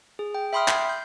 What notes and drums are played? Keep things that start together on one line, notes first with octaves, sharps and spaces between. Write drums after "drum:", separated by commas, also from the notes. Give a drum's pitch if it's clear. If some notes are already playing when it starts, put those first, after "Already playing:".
G#4
G5
E5 G5 B5 C6 D#6 F6
C7, drum: clap
G6